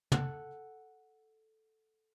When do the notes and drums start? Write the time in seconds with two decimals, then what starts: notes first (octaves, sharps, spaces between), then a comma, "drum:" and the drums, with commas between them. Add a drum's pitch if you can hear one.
0.12 A4 F#5, drum: tom